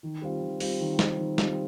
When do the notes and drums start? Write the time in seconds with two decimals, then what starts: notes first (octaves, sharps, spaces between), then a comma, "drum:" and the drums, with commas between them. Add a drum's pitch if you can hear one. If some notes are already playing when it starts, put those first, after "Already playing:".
0.03 D#3
0.22 G3 C4 F4
0.42 D#3
0.60 G3 C4 F4, drum: open hi-hat
0.80 D#3
0.99 G3 C4 F4, drum: snare
1.19 D#3
1.38 G3 C4 F4, drum: snare